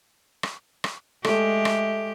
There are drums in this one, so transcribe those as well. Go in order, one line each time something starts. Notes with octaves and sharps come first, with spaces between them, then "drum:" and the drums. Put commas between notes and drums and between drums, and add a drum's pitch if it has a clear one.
drum: rim click
drum: rim click
G#3 A3 G4 E5, drum: rim click
drum: rim click